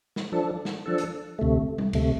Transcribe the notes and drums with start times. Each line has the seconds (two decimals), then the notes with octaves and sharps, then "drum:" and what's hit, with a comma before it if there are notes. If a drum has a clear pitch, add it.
0.16 drum: snare
0.32 F3 D4 A4
0.65 drum: snare
0.86 F3 D4 A4
0.98 drum: hi-hat
1.39 D2 C3 A3
1.78 drum: tom G3
1.93 D2 C3 A3, drum: cymbal